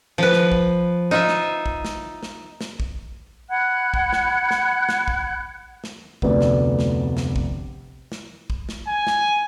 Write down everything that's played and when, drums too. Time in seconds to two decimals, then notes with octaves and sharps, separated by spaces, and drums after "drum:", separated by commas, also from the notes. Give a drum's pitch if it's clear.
0.18 F3 B4
0.33 drum: snare
0.52 drum: kick
1.11 D#4 F4 E5
1.28 drum: snare
1.66 drum: kick
1.85 drum: snare
2.23 drum: snare
2.61 drum: snare
2.80 drum: kick
3.50 F#5 B5 F#6 G#6
3.94 drum: kick
4.13 drum: snare
4.51 drum: snare
4.89 drum: snare
5.08 drum: kick
5.84 drum: snare
6.22 F1 D2 B3 B4 D5, drum: kick
6.41 drum: snare
6.79 drum: snare
7.17 drum: snare
7.36 drum: kick
8.12 drum: snare
8.50 drum: kick
8.69 drum: snare
8.88 G#5
9.07 drum: snare